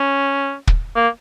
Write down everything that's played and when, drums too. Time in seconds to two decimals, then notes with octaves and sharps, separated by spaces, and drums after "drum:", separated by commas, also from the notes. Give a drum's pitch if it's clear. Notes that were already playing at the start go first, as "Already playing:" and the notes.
Already playing: C#4
0.67 drum: kick
0.96 A#3